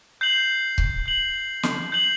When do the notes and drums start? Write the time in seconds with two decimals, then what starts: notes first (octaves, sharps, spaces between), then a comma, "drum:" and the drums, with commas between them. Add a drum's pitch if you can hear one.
0.21 G6 C7 F#7
0.78 drum: kick C#1
1.06 G6 C7 F#7
1.63 drum: snare
1.92 G6 C7 F#7